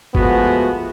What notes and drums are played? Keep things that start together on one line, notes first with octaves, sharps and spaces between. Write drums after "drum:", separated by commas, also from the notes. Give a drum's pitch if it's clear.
F3 G#3 A3 B3 F#4, drum: kick G1